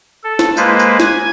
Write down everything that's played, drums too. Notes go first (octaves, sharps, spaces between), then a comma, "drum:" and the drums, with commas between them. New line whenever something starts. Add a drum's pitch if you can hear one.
A4
drum: snare
G#3 A#3 B4 C5, drum: tambourine
drum: tambourine
G#5 G#6, drum: snare